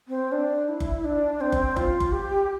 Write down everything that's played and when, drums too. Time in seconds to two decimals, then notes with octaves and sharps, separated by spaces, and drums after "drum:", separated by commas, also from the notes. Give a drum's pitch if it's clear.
0.08 C4
0.32 D4
0.69 E4
0.80 drum: kick F#1
1.05 D4
1.41 C4
1.52 drum: kick F#1
1.77 F4, drum: kick F#1
2.00 drum: kick F#1
2.12 G4